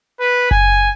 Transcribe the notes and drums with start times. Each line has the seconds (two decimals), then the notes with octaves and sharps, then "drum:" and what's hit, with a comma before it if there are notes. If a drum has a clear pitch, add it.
0.20 B4
0.51 G#5, drum: kick F#1